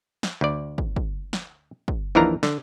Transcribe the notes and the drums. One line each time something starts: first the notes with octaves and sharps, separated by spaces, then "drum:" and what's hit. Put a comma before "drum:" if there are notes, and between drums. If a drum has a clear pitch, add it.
drum: snare
D2 D5
drum: kick
drum: kick
drum: snare
drum: kick
D#2 E3 F3 D4 A#4 A#5
D3, drum: snare